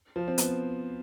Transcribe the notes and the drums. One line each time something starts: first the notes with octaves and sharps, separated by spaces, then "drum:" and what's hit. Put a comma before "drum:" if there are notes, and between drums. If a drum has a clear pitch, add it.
F3
C4
B3, drum: hi-hat